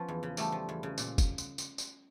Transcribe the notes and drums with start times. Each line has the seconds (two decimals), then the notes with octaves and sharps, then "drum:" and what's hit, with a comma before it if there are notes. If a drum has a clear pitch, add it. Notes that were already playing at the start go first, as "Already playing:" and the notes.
Already playing: F3 B3 C#4
0.08 E2
0.23 C#3
0.37 E2 G3 A3, drum: tambourine
0.52 F3
0.69 E2
0.83 C#3
0.98 A#2, drum: tambourine
1.18 drum: kick, tambourine
1.38 drum: tambourine
1.58 drum: tambourine
1.78 drum: tambourine